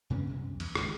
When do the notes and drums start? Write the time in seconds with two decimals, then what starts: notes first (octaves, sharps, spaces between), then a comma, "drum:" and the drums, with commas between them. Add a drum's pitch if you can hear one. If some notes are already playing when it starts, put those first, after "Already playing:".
0.10 G2 C#3 B3 C#4
0.29 C2 F#2 C3
0.60 E2, drum: cymbal
0.75 G#1 C#2 A2, drum: rim click